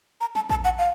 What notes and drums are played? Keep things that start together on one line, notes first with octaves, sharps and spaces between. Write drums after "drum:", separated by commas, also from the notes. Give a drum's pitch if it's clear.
A#5
A5, drum: snare
A5, drum: kick A#1
F#5
F5